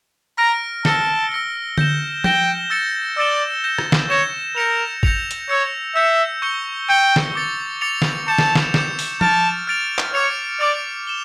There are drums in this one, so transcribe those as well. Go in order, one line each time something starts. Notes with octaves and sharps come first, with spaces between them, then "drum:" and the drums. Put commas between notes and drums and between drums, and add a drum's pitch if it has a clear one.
A#5 F6 A#6 D7
A5 E6 A#6 C#7 G7, drum: snare
E6 A#6 C#7 G7
G6 A#6 E7 G7, drum: tom D3
G5 G6 A#6 E7 G7, drum: tom F3
E6 A6 C#7 E7 G7
D5 E6 A6 C#7 E7 G7
G6 A#6 E7
drum: rim click
drum: snare
C#5 G6 A#6 E7
A#4 G6 A#6 C#7 F7
G6 A#6 C#7 F7, drum: kick
drum: hi-hat
C#5 E6 G6 C#7
E5 E6 G6 C#7
C#6 G6 C#7 G7
G5 C#6 G6 C#7 G7
drum: snare
D6 A6 C#7 F7
D6 A6 C#7 F7
drum: snare
A5 D6 G6 C#7 E7
drum: snare
drum: snare
D6 G6 C#7 E7, drum: snare
drum: open hi-hat
A5 F6 A6 D7 F7, drum: tom F3
F6 A6 D7 F7
drum: clap
C#5 D6 F6 C#7 F7
D5 D6 F6 C#7 F7
E7 G7